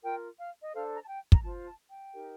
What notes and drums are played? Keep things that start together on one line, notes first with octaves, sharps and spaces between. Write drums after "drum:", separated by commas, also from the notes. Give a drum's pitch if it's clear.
F4 A#4 G5
F5
D#5
D4 A4 C5 F5
A#5
A5
G5
A#5, drum: kick
F4 C5 A5
A5
G5
D#4 G4 A#4